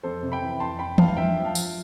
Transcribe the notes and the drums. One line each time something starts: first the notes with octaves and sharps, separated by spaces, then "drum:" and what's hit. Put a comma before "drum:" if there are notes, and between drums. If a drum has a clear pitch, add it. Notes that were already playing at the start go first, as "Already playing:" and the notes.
F2 A4 C5
C3
G5 B5
E3
F2 A5 C6
F2 G5 B5
E3 F5 A5, drum: tom
F5
G2 E5 G5
F3
F5 A5
F3, drum: tambourine